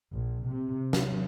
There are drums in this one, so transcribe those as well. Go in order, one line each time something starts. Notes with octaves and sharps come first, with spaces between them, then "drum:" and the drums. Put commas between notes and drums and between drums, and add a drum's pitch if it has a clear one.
A#1
C3
F#3, drum: snare